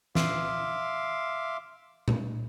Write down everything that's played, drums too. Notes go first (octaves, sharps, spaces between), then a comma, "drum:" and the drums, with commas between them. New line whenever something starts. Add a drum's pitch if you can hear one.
E5 F5 C6 D6, drum: snare
drum: tom A#2